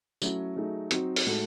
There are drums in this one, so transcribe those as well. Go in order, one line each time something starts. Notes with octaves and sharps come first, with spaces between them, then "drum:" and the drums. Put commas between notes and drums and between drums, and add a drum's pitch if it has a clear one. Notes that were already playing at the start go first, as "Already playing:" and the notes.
F#3 A3 C#4 E4, drum: tambourine
F#3 A3 D#4 G#4
F#3 C4 D#4 F#4, drum: hi-hat
drum: open hi-hat
A2 G#3 D#4 F#4 A4